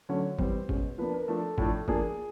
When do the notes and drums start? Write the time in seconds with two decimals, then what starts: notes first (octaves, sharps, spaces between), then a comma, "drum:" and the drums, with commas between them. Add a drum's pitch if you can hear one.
0.09 D3 F#3 A3 C#4 C#5
0.39 E3 G3 C4 C5, drum: kick
0.69 B2 G#3 C#4, drum: kick
0.98 F3 A#3 D4 B4
1.14 A#4
1.28 F3 A3 D4 A4
1.58 A2 F3 A3 D4, drum: kick
1.88 F3 A#3 D4 G#4, drum: kick